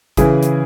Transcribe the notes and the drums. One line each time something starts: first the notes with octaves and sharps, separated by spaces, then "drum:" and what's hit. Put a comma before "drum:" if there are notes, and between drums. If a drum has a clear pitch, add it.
C#3 E3 E4 G#4, drum: kick G#1, hi-hat
drum: hi-hat